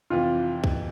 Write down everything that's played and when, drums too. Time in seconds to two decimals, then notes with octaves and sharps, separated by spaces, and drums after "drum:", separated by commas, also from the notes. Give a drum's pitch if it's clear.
0.10 F2 C3 E3 F4
0.64 drum: kick